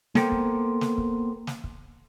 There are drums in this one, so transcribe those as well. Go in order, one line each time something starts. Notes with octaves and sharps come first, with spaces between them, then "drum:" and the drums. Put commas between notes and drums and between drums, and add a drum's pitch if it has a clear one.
A#3 B3 A4 A#4 C5 G5, drum: snare
drum: kick
drum: snare
drum: kick
drum: snare
drum: kick